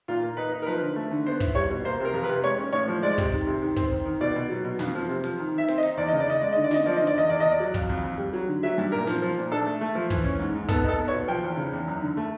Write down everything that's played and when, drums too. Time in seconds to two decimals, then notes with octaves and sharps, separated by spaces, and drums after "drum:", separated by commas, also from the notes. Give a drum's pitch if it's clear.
0.08 A#2 F4
0.23 A#3
0.37 D#4 B4
0.52 D#4
0.62 A#4
0.66 F3 B4
0.81 D3
0.96 A3
1.11 D3
1.26 B3 C5
1.40 E4, drum: kick
1.55 G3 C#5
1.70 B2
1.84 A#3 C5
2.00 C3 A#4
2.14 F2 A#4
2.24 B4
2.29 C3
2.44 G#3 C#5
2.59 C#4
2.73 A2 C#5
2.88 F3
3.02 G#3 D5
3.18 C3, drum: kick
3.32 D#3
3.47 C3
3.61 D#3
3.76 C4, drum: kick
3.91 D#3
4.05 D#3
4.21 B2 D5
4.35 B2
4.50 F#3
4.64 B2
4.79 F2, drum: snare
4.95 F3
5.09 C3
5.24 F3, drum: hi-hat
5.39 D#3
5.54 D#3 E5
5.69 C4, drum: hi-hat
5.78 D#5
5.83 D#4, drum: hi-hat
5.97 E2 D5
6.08 C#3 D#5
6.20 D5
6.27 C#3 D#5
6.41 G#3 D5
6.53 D3 D#5
6.64 D5
6.71 D3 D#5, drum: snare
6.86 F3 D5
6.97 D3 D#5
7.07 D5, drum: hi-hat
7.15 E2 D#5
7.30 E2 D5
7.40 E2 D#5
7.52 D5
7.60 F#3
7.74 F2, drum: kick
7.89 F2
8.04 F2
8.18 G3
8.33 F#3
8.48 D3
8.63 F#3 E5
8.78 G2
8.92 A#2 A#4
9.07 F3, drum: snare
9.22 F3
9.37 A#2
9.51 D4 A4
9.66 A3
9.81 A3
9.95 F3
10.10 E3, drum: kick
10.24 C#4
10.39 G#2
10.55 G#2
10.68 B3 A4, drum: kick
10.84 D#4 A4
10.98 B3
11.08 C#5
11.13 B2
11.28 F3 G5
11.43 E2
11.57 C#3
11.73 E2
11.88 F#2
12.01 D3
12.17 A3